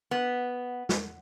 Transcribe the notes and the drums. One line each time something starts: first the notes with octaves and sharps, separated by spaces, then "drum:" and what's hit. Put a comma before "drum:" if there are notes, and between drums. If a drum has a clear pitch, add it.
B3
drum: snare